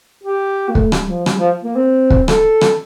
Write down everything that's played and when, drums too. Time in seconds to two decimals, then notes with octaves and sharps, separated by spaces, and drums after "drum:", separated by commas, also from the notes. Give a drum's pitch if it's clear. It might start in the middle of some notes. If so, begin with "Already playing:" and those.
0.24 G4
0.69 A#3
0.75 A3, drum: kick
0.92 G3, drum: rim click
1.09 F3
1.26 G3, drum: rim click
1.38 F3
1.63 A#3
1.76 C4
2.10 drum: kick
2.28 A4, drum: rim click
2.61 drum: rim click